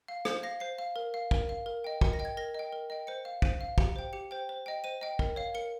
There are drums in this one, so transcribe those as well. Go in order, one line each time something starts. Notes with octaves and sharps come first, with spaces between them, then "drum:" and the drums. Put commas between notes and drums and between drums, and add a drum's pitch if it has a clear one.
F5
C5 G#6, drum: rim click
F5 A#6
C5 C7
F5
A#4
F5
A#4, drum: kick
F5
A#4
D#5 G5
A#4 C#7, drum: kick
A#6
D#5 G5
G#6
A#4 A#6
D#5 G5
A#4
D#5 G5
C5 C#7
F5
C5 D#7, drum: kick
F5
G4 C#7, drum: kick
C5 G5
G4 C#7
C5 G5
C5
D#5 G5
C5 D#7
D#5 G5
A#4, drum: kick
C#5 F5
A#4 C#7